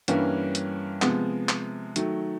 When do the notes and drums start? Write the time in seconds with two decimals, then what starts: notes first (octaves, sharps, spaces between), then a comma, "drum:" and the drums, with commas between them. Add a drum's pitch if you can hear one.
0.08 G2 E3 G3 A#3 C#4, drum: hi-hat
0.55 drum: hi-hat
1.02 C3 F3 G#3 B3, drum: clap
1.49 drum: clap
1.96 D#3 F#3 A3, drum: hi-hat